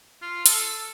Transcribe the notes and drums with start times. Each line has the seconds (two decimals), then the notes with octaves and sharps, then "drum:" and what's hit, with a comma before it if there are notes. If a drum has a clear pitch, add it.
0.22 F4
0.46 A4, drum: hi-hat